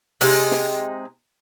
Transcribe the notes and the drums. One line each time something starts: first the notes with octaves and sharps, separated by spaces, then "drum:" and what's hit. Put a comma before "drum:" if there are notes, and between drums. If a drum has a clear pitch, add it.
C3 G#3 D#4, drum: open hi-hat
drum: snare